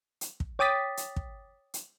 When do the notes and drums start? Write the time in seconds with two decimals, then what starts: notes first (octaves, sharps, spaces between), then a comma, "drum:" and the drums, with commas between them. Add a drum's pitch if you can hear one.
0.21 drum: hi-hat
0.40 drum: kick
0.59 C#5 G5 D6 D#6 A6 B6
0.97 drum: hi-hat
1.16 drum: kick
1.74 drum: hi-hat